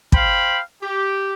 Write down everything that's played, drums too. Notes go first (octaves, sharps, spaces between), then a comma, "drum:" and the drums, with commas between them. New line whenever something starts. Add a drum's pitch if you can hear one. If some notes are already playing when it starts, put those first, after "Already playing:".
C5 F5 G5 B5, drum: kick
G4